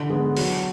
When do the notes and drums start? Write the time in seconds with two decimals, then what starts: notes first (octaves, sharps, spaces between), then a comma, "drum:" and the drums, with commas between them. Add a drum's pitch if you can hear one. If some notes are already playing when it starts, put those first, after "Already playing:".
Already playing: D3
0.10 G#3 B3
0.37 F#3, drum: open hi-hat